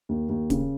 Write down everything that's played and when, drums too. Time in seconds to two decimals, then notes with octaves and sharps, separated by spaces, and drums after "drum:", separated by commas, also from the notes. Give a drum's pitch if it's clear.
0.09 D#2
0.29 D#2
0.50 C#3, drum: kick D1, hi-hat